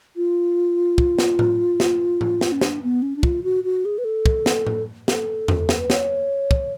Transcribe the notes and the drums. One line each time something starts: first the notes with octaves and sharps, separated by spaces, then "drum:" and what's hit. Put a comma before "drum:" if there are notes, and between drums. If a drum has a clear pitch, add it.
F4
drum: kick
drum: snare
drum: tom A2
drum: snare
drum: tom A2
drum: snare
C#4
D4, drum: snare
B3
C#4
D4
F4, drum: kick
F#4
F#4
G#4
B4
A4
drum: kick
drum: snare
drum: tom A2
A4, drum: snare
drum: tom E2
drum: snare
B4
C#5, drum: snare
drum: kick